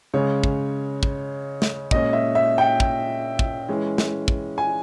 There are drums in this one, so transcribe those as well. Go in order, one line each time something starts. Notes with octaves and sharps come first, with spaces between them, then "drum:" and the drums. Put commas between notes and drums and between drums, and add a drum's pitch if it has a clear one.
C#3 G#3 C#4 C#5
drum: kick
drum: kick
drum: snare
A#2 G#3 C#4 D#5, drum: kick
E5
E5
G5
drum: kick
drum: kick
E3 G#3 C#4
drum: snare
drum: kick
G#5